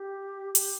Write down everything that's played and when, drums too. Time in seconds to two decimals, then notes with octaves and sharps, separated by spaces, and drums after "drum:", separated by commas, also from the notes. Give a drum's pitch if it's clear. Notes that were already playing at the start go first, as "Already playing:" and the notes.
Already playing: G4
0.55 G4, drum: hi-hat